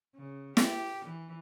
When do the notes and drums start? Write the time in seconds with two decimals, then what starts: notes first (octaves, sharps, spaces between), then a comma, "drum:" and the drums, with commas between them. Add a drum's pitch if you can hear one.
0.15 C#3
0.57 G4, drum: snare
1.05 E3